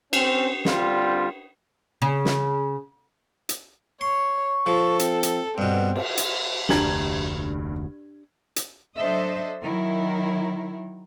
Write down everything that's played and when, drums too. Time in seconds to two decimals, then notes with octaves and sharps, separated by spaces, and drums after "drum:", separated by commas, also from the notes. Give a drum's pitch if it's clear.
0.13 C4 C#4, drum: cymbal
0.65 D3 G3 C4 F4, drum: snare
2.02 C#3
2.25 drum: snare
3.49 drum: hi-hat
4.01 C#5 C6 C#6
4.66 F3 A4
4.99 C4, drum: hi-hat
5.23 drum: hi-hat
5.58 G2 B2 B3 C4
5.96 drum: cymbal
6.17 drum: hi-hat
6.69 F1 D2 G2 D4 G4 A#5 G#6 F#7, drum: snare
8.56 drum: hi-hat
8.98 F#3 D4 A4 C5 D#5 E5
9.64 D#3 F#3 E4 A#4